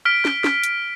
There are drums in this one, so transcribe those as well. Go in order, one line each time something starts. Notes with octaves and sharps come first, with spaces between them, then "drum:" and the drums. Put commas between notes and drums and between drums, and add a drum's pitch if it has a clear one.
F6 B6 D7
drum: snare
drum: snare
drum: hi-hat